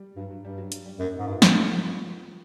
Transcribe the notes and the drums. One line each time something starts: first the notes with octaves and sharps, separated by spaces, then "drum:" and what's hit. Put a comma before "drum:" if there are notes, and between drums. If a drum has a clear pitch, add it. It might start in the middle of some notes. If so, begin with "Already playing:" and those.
Already playing: G3
G2 F#3
F#3
G2 G3
F#3
F#3, drum: hi-hat
G3
F#2 A#3
D#4
G#2
G2 F4
F#4, drum: snare